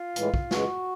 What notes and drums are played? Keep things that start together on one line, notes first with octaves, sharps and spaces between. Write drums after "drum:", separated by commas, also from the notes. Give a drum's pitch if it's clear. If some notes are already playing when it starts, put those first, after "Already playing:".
Already playing: F4
A2 E3 G#3, drum: hi-hat
drum: kick
C#3 E3 G#3 F#4, drum: snare